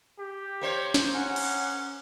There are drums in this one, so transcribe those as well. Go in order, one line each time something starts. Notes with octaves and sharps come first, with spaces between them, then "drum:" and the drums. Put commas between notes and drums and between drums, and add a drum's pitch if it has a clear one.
G4
A#3 C5 C#5
drum: snare
C#4 F#5
drum: cymbal